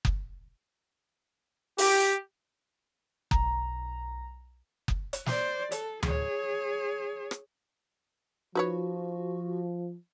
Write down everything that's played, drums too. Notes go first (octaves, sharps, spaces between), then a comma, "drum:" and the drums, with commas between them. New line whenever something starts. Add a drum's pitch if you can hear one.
drum: kick F#1
G4, drum: open hi-hat
B1 A#5, drum: kick F#1
drum: kick F#1
drum: hi-hat
C5 D5, drum: snare
A4, drum: hi-hat
G#4 C#5, drum: tom D2
drum: rim click
F3 D#4 F#4 B4 C#5